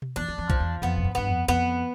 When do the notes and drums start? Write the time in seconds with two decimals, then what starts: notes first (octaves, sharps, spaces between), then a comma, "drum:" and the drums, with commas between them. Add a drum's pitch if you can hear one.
0.02 drum: tom B2
0.16 E2 D4
0.28 E2
0.38 F2
0.50 F3, drum: kick
0.60 E2
0.82 F2 B3
0.97 A2
1.04 G2
1.15 G2 B3
1.27 F2
1.48 F2 B3